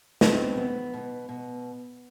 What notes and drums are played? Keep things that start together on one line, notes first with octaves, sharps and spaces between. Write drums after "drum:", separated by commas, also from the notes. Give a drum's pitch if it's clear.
B2 C4, drum: snare
B3
B2
B2